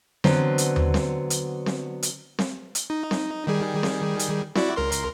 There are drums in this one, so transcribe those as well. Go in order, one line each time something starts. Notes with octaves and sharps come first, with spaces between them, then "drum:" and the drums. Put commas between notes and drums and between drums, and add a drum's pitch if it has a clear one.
D3 F#3 B3 C4, drum: snare C4
drum: hi-hat
drum: tom D#2
drum: snare C4
drum: hi-hat
drum: snare C4
drum: hi-hat
drum: snare C4
drum: hi-hat
D#4
drum: snare C4
D#3 G3 G#4
drum: snare C4
drum: hi-hat
E4 F#4 D5, drum: snare C4
C#2 A#4 C6
drum: hi-hat